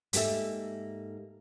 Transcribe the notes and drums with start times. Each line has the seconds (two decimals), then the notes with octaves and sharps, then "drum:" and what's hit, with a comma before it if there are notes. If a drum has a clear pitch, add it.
0.13 G#2 A#3 G4 A4 E5, drum: hi-hat